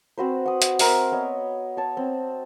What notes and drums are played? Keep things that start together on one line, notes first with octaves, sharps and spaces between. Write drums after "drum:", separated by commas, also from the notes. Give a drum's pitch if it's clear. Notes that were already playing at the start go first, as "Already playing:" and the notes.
C4 F#4 B4 C5
F#5 D#6
drum: hi-hat
A#4 C5 E5, drum: open hi-hat
B3 C#5 D#5
C#5 A5
C4